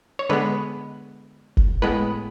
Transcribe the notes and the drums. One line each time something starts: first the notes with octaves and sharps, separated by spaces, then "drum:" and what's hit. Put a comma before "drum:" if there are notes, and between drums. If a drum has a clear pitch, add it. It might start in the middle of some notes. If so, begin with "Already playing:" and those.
C#5
D3 G#3 B3 B4
drum: kick F#1
A2 G#3 B3 B4